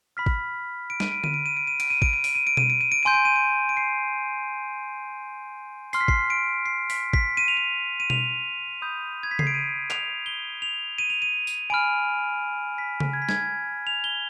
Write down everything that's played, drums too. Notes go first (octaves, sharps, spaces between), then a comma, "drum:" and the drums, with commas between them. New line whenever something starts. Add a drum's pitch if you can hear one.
B5 F6 B6
drum: kick
D7
D#7, drum: snare
D7
D#7, drum: tom D3
D7
D#7
D7
D#7
D7, drum: cymbal
D#7
D7, drum: kick
D#7
D7, drum: open hi-hat
D#7
D7
D#7, drum: tom B2
D7
D#7
D7
G#5 C6 G6 D#7
D7
D#7
D7
D7
C7
C6 F6 C7, drum: tambourine
B6
C7, drum: kick
D7
C7
B6, drum: open hi-hat
B6, drum: kick
D#7
F7
D#7
D#7
F7, drum: tom B2
B5 D#6 G6
G#6
B6
C7, drum: tom C#3
D7
D#7
F7, drum: clap
G7
F7
D#7
F7
D#7
drum: tambourine
G#5 B5 F6 D7
B6
drum: tom C#3
G#6
B6
G#6, drum: snare
F7
G7